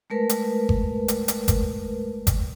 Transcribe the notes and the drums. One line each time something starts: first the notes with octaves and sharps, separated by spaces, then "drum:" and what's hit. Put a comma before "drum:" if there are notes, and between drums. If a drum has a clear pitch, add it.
G#3 A3 A#4 B4
drum: hi-hat
drum: kick G1
drum: hi-hat
drum: hi-hat
drum: kick G1, hi-hat
drum: kick G1, hi-hat